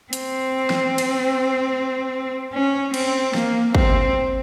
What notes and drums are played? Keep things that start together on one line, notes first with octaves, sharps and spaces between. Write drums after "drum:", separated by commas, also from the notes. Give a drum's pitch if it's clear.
C4, drum: hi-hat
drum: snare
drum: cymbal
C#4
C4, drum: cymbal
A#3, drum: snare
C4, drum: kick